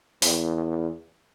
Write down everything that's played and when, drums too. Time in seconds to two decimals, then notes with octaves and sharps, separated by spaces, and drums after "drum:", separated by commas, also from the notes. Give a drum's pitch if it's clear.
0.22 E2, drum: open hi-hat